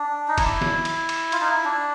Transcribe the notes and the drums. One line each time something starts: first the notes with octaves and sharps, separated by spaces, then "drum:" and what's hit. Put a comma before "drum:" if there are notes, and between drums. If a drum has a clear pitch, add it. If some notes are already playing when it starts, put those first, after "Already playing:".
Already playing: D4
D#4
E4, drum: kick, cymbal
drum: snare
drum: cymbal
drum: cymbal
F4, drum: cymbal
D#4
E4
D4